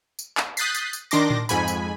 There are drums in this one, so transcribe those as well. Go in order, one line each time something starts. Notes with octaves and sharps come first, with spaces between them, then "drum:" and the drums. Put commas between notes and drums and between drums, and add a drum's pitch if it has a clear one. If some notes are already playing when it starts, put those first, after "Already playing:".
drum: tambourine
drum: clap
D#6 F#6 G6 A6 B6 C7, drum: tambourine
drum: tambourine
drum: tambourine
D#3 D4 C6 D6 A#6, drum: tambourine
drum: tom A2
F2 G#2 G#5 B5, drum: tambourine
drum: tambourine